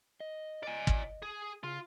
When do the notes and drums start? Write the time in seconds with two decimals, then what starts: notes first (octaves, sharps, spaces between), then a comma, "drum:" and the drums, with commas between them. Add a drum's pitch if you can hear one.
0.20 D#5
0.63 D5 G#5
0.87 drum: kick
1.22 G#4
1.63 C#3 F4